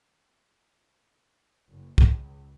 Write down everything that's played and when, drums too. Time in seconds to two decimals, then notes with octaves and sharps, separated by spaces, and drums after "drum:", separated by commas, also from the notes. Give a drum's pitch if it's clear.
1.68 F#1
1.98 C#2, drum: kick